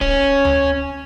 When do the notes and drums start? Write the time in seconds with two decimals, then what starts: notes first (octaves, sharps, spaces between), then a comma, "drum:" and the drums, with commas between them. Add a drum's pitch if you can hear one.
0.01 C#4, drum: kick
0.45 drum: tom D2